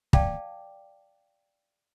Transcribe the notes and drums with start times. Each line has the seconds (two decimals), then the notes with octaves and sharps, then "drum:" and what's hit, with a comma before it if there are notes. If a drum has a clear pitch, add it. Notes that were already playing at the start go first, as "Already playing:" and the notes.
0.13 D5 F5 G5 A5 D6, drum: kick